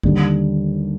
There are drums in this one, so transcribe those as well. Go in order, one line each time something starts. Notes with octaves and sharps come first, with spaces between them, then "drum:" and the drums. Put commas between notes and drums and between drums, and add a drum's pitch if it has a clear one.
D#2 D3 G3, drum: kick A1